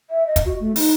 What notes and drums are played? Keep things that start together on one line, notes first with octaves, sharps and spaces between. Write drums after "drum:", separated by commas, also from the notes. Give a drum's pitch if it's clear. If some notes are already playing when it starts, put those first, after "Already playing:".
E5
D#5
drum: kick, hi-hat
F#4
A3
D#4, drum: open hi-hat